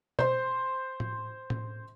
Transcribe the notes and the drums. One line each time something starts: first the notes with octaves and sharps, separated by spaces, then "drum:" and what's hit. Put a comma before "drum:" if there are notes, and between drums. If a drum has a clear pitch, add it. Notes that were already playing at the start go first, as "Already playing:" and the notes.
C5 C6, drum: tom B2
drum: tom A2
drum: tom A2